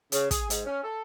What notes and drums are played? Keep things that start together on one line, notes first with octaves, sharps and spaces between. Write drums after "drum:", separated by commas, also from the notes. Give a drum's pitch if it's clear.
C#3, drum: hi-hat
G#4, drum: kick, hi-hat
G#2, drum: hi-hat
C#4
A4